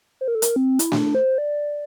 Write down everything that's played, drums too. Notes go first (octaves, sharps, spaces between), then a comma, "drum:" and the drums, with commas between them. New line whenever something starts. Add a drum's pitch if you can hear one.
C5
A#4
A4
A#4, drum: hi-hat
C4
E4, drum: hi-hat
D4, drum: snare A3
C5
D5